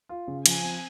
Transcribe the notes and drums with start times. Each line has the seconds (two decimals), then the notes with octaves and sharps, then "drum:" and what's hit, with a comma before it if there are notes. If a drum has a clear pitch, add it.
0.09 F4
0.28 C#3
0.46 F3 G#5, drum: cymbal
0.63 C4